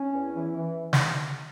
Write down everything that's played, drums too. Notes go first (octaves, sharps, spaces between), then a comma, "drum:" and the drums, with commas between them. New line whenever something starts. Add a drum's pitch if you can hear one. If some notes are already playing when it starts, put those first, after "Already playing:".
Already playing: C#4
E2
E3
E3
drum: snare